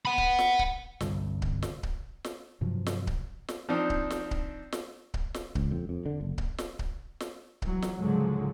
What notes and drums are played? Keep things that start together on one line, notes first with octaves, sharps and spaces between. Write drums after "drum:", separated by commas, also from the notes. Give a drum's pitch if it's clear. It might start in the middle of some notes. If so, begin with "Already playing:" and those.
F#5 B5
drum: kick C#1
drum: snare
drum: kick C#1
G1 C2 G2, drum: snare
drum: kick C#1
drum: snare
drum: kick C#1
drum: snare
G2 C3 F3 F#3
drum: snare
drum: kick C#1
drum: snare
F3 C4 D4 D#4
drum: kick C#1
drum: snare
drum: kick C#1
drum: snare
drum: kick C#1
drum: snare
C#2, drum: kick C#1
F2
F2
D3
F#1
drum: kick C#1
drum: snare
drum: kick C#1
drum: snare
E3 F#3, drum: kick C#1
drum: snare
C#2 G#2 D3 F3 F#3 G#3